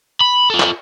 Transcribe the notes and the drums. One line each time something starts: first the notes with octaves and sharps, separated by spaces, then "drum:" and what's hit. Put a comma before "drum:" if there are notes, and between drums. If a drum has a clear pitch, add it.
B5
F4 A4
drum: clap